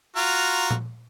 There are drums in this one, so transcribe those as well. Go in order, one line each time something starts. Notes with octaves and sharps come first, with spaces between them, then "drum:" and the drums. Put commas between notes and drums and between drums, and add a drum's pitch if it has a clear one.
F4 F#4 A#5
drum: tom A#2